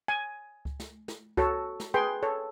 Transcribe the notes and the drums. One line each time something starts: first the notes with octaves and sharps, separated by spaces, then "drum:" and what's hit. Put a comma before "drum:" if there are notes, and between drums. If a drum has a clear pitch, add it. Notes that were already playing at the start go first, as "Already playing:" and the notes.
G#5
drum: kick C#2
drum: snare
drum: snare
F#4 A4 C#5, drum: kick C#2
drum: snare
G#4 B4 G5 C6
A4 C#5